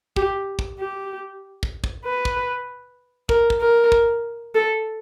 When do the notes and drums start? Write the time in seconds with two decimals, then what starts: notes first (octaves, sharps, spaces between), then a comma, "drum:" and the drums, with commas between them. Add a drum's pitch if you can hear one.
0.16 G4, drum: kick
0.59 drum: kick
0.79 G4
1.63 drum: kick
1.84 drum: kick
2.05 B4
2.25 drum: kick
3.29 A#4, drum: kick
3.50 drum: kick
3.61 A#4
3.92 drum: kick
4.55 A4